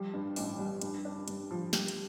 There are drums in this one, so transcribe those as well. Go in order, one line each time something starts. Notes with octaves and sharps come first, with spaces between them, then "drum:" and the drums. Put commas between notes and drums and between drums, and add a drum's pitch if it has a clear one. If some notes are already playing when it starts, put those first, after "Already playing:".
Already playing: F3 G3
G2
A1, drum: open hi-hat
G3
G2, drum: hi-hat
D4
G2, drum: hi-hat
F3
G3, drum: snare
drum: hi-hat